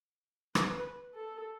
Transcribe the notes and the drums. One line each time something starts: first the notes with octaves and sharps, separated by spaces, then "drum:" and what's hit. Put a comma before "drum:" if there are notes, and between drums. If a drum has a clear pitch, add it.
B4, drum: rim click
A4